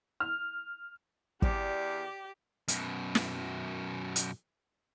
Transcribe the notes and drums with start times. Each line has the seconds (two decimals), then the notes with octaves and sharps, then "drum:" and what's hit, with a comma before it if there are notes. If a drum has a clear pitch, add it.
0.20 F6
1.42 E2 G4 D5, drum: kick
2.68 F#2 B2, drum: hi-hat
3.15 drum: snare
4.16 drum: hi-hat